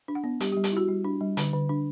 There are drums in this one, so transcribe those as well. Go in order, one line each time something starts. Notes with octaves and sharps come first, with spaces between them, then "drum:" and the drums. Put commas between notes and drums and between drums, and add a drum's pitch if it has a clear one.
D4
F#5
B3
G3 G4, drum: hi-hat
G4
G3
G4, drum: hi-hat
E4 F#4
G3
D4
G3
D3, drum: hi-hat
D3
D4